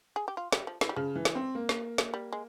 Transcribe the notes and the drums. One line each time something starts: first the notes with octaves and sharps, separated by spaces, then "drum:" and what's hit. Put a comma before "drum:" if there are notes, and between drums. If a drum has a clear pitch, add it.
G#4
G4
F4
G3, drum: snare
F3
E3, drum: snare
G3
C#3 F3
E3
drum: snare
C4
A#3
drum: snare
drum: snare
G3
G#3